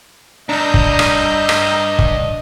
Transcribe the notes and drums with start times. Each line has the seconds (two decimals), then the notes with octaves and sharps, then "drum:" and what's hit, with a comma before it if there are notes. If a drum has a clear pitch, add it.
0.49 G2 D4 D#5 A#5 E6 G6
0.74 drum: kick
0.99 drum: rim click
1.49 drum: rim click
1.99 drum: kick